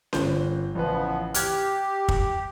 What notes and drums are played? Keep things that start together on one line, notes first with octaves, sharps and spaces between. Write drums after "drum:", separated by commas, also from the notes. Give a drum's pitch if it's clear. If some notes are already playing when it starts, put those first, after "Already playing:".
G1 C5 G6, drum: snare C#4
A1 C#3 F3 B3 B4
G4 F6 F#6 G#6, drum: hi-hat
drum: kick